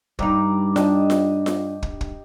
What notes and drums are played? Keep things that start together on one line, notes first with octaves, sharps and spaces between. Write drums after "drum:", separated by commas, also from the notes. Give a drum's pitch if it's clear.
G2 D#4 D5 A#5 D6, drum: kick
D4 G4 D#5, drum: snare F4
drum: snare F4
drum: snare F4
drum: kick
drum: kick